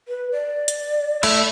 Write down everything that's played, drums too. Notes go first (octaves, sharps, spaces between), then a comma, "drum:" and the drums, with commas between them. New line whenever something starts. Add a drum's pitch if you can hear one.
B4
D5
drum: hi-hat
A3 E4 E6, drum: cymbal